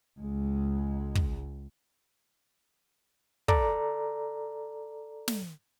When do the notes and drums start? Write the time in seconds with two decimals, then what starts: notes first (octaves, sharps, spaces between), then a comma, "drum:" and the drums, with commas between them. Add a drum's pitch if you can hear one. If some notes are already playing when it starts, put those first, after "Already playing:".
0.20 C#2 G#3
1.15 drum: kick
3.48 A4 D5 A#5, drum: kick
5.28 drum: snare